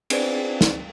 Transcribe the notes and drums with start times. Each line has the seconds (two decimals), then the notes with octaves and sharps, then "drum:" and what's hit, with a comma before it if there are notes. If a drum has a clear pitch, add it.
0.10 C4 D4 G#4 B4 C5 D5, drum: cymbal
0.61 drum: snare